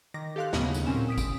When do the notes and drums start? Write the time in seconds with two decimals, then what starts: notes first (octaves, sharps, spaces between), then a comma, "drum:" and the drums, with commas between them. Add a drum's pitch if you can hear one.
0.14 D#3 D6 A#6
0.36 G4 A4 F5 C6 F#6
0.53 D#2 A2 C#3 F#3 B3 C#4, drum: snare
0.74 drum: tambourine
0.86 A#2 C4 C#4 G#5 E7
1.09 D#6 B6 D7
1.18 drum: kick, tambourine